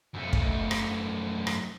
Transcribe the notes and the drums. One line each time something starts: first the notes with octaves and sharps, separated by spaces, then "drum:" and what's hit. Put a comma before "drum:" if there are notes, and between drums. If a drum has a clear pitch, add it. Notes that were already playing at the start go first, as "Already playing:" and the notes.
F#2 A3
drum: kick
drum: rim click
drum: rim click